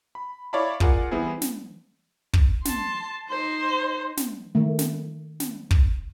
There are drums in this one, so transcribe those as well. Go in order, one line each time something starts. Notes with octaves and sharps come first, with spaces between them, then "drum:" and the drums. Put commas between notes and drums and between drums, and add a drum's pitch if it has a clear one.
B5
E4 C#5 D5 F5 A5 B5
F4 G#4 A#4 D5 F#5, drum: kick
E3 G3 B3 C4 E4 G#4
drum: snare
drum: kick
A5 C6, drum: snare
D#4 C5
drum: snare
D#3 A3
drum: snare
drum: snare
drum: kick